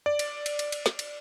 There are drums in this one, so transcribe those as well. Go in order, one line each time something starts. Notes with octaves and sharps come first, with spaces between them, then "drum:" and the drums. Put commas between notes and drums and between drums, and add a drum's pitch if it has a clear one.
D5
drum: cymbal
drum: cymbal
drum: cymbal
drum: cymbal
drum: snare
drum: cymbal